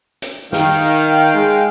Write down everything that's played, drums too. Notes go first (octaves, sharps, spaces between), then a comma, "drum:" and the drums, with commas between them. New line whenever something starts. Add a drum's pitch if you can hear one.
drum: hi-hat
D#3 F5 G5, drum: snare
G#3